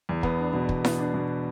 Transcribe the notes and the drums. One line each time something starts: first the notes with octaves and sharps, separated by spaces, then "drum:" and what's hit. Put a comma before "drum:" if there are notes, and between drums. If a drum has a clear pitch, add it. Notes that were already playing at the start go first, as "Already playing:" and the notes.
E2
B3, drum: kick
D4
B2
E2, drum: kick
B3, drum: snare E4
D4
B2